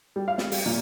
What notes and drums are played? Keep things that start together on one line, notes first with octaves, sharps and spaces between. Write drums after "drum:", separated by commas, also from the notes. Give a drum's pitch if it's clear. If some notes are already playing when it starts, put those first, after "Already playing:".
G3
F5
drum: snare
G3, drum: open hi-hat
A#2